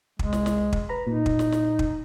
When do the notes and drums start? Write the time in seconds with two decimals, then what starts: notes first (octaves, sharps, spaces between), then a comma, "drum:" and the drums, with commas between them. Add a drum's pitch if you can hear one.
0.19 C2 G#3, drum: kick
0.33 drum: snare
0.46 drum: snare
0.73 drum: kick
0.89 B4 A#5 B5
1.07 A#2 D#4
1.26 drum: kick
1.39 drum: snare
1.52 drum: snare
1.79 drum: kick